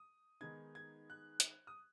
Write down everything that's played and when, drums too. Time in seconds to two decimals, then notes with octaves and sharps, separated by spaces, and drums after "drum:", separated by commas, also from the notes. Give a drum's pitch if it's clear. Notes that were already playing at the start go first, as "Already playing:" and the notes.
Already playing: D#6
0.41 D#3 G#3 B3 D#4 G#6
0.75 G#6
1.10 F#6
1.40 drum: hi-hat
1.67 D#6